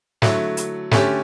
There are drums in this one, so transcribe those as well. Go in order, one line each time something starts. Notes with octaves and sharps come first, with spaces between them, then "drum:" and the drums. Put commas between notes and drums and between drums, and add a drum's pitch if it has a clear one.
D3 F#3 A3 E4, drum: snare
drum: hi-hat
D3 A3 C#4 G4, drum: snare